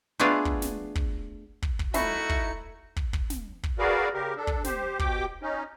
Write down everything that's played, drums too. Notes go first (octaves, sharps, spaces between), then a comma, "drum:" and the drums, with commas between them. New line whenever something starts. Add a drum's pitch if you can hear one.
A3 B3 D4 F4 G#4
drum: kick
drum: snare
drum: kick
drum: kick
drum: kick
A3 D#4 E4 F#4 E5 B5 C#6 C#7, drum: snare
drum: kick
drum: kick
drum: kick
drum: snare
drum: kick
F#4 G#4 A#4 B4 D5 F5
C#3 G4 A#4
D4 A4
drum: kick
G4 C5, drum: snare
B2 G4 G5 D6, drum: kick
C#4 D#4